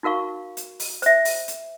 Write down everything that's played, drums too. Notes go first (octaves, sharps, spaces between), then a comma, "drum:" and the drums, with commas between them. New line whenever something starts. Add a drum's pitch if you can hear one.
D#4 F#4 A#4 F5 C#6
drum: hi-hat
drum: open hi-hat
C5 E5, drum: hi-hat
drum: open hi-hat
drum: hi-hat